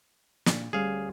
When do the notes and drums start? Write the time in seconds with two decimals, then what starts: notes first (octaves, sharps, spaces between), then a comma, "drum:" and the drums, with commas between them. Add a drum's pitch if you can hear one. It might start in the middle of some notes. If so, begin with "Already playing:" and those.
0.46 A#2 D4, drum: snare
0.73 D2 G3 C#4 G#4 F5